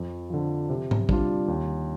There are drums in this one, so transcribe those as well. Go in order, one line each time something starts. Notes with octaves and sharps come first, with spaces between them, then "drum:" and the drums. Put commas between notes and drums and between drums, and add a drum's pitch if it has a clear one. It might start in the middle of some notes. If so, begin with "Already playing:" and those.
Already playing: F2
D3 F3
C3
drum: tom G#2
G3 D4 F4, drum: kick
D#2